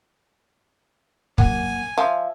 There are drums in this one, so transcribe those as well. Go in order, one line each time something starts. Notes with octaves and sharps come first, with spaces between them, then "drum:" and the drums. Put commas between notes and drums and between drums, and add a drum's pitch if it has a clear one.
F#2 A#3 F#5 G#5, drum: kick
F3 E5